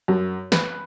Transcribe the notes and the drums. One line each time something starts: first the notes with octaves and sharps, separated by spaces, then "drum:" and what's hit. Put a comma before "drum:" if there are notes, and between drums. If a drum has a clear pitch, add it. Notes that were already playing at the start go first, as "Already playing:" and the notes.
F#2
B4, drum: snare